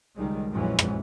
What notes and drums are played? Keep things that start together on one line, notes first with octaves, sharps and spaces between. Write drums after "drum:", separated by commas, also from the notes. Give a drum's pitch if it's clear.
C#2 D#3 G3 G#3
A#1 F2 E3 F#3 G#3 C#4
drum: rim click